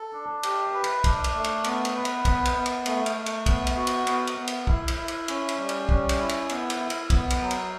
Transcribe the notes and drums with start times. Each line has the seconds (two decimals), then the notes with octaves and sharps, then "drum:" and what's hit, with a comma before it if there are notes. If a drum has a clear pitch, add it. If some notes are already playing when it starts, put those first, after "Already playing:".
Already playing: A4
0.13 D4
0.43 G4, drum: cymbal
0.73 B4
0.84 drum: cymbal
1.04 D4, drum: kick, cymbal
1.24 drum: cymbal
1.34 A3
1.44 drum: cymbal
1.64 B3, drum: cymbal
1.85 drum: cymbal
1.95 B4
2.05 drum: cymbal
2.25 B3, drum: kick, cymbal
2.45 drum: cymbal
2.55 B3
2.66 drum: cymbal
2.86 A3, drum: cymbal
3.06 drum: cymbal
3.16 A3
3.26 drum: cymbal
3.46 B3, drum: kick, cymbal
3.67 drum: cymbal
3.77 F#4
3.87 drum: cymbal
4.07 B3, drum: cymbal
4.27 drum: cymbal
4.37 B3
4.47 drum: cymbal
4.67 E4, drum: kick
4.88 drum: cymbal
4.97 E4
5.08 drum: cymbal
5.28 C#4, drum: cymbal
5.49 drum: cymbal
5.59 G3
5.69 drum: cymbal
5.89 C#4, drum: kick
6.09 drum: cymbal
6.19 E4
6.29 drum: cymbal
6.49 B3, drum: cymbal
6.70 drum: cymbal
6.80 E4
6.90 drum: cymbal
7.10 B3, drum: kick, cymbal
7.30 drum: cymbal
7.41 F#3
7.51 drum: cymbal